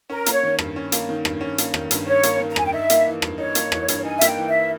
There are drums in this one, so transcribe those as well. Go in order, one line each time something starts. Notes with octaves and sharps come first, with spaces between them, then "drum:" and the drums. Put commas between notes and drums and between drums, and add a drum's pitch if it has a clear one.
C#4 A#4
A#3, drum: hi-hat
C#5
D#3
G2, drum: rim click
C#4
A#3, drum: hi-hat
D#3
G2, drum: rim click
C#4
A#3, drum: hi-hat
D#3, drum: rim click
G2, drum: hi-hat
C#4 C#5
A#3, drum: hi-hat
D#3
A#5
G2 G#5, drum: rim click
G5
D#4 E5
A#3, drum: hi-hat
E3
G2, drum: rim click
D#4 C#5
A#3, drum: hi-hat
E3, drum: rim click
G2, drum: hi-hat
D#4 G#5
E5
A#3 G5, drum: hi-hat
E3
E5